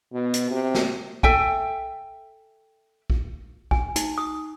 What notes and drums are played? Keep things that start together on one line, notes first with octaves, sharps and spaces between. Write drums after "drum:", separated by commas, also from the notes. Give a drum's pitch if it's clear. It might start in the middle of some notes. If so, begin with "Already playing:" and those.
B2
drum: hi-hat
C3
drum: snare
A4 E5 G5 G#5, drum: kick B1
drum: kick B1
G#5, drum: kick B1
D#4, drum: hi-hat
D#6